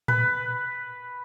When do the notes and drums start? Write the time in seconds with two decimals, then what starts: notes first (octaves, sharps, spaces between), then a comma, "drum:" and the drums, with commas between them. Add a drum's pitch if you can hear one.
0.08 B4, drum: tom A2